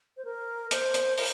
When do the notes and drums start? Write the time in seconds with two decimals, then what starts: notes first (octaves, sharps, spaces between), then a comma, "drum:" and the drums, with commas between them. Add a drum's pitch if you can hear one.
0.17 C5
0.25 A#4
0.71 C5, drum: hi-hat
0.94 drum: hi-hat
1.18 A#4, drum: open hi-hat